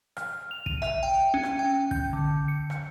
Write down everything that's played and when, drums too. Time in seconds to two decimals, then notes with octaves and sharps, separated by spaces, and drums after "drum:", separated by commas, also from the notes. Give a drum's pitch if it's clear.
0.17 F6, drum: rim click
0.51 F7
0.66 D#7, drum: kick
0.82 E5, drum: rim click
1.03 G5
1.34 C#4
1.43 drum: rim click
1.59 G5
1.91 G6, drum: kick
2.13 D3
2.48 C#7
2.70 drum: rim click